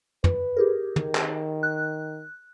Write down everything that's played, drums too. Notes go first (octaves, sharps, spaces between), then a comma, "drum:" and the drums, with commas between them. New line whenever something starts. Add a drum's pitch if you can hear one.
B4, drum: tom
G4 G#4 A#4
D#3, drum: tom
drum: clap
F#6